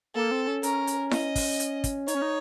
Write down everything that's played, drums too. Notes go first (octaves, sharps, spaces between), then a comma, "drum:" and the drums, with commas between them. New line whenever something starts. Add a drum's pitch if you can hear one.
A#3 A4
C4
C#4
C#4 A#4, drum: hi-hat
drum: hi-hat
D#5, drum: snare E4
drum: kick, open hi-hat
drum: hi-hat
drum: kick, hi-hat
D#4 C#5, drum: hi-hat
C#4
D#4